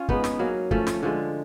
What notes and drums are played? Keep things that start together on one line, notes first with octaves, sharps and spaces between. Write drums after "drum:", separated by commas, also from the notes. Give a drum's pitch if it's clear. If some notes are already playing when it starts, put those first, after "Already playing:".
Already playing: C#4 F4
G#3 B3 D#4, drum: kick
drum: snare
F#3 A#3 C#4
F3 A3 C#4, drum: kick
drum: snare
D3 F3 G#3